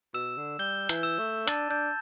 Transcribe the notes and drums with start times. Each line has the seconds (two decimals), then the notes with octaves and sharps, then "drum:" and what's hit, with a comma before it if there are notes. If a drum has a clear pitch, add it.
0.14 B2 E6 E7
0.37 D3
0.59 G3 G6 G7
0.89 E3, drum: hi-hat
1.03 E6 E7
1.19 A3
1.48 D4 A5 A6, drum: hi-hat
1.70 D4 G6